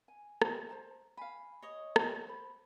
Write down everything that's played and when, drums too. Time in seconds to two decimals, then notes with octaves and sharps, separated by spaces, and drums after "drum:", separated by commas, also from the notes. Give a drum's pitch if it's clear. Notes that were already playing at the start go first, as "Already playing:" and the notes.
0.08 G#5
0.42 drum: rim click
0.69 C5 A5 A#5
1.17 F5 G#5 B5
1.63 C#5 D#5
1.96 drum: rim click
2.27 C5 B5